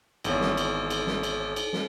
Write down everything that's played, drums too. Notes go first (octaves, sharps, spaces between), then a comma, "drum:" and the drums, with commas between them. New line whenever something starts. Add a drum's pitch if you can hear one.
G#1 E2 C#5, drum: cymbal
drum: snare
drum: cymbal
drum: cymbal
drum: snare
drum: cymbal
drum: cymbal
drum: snare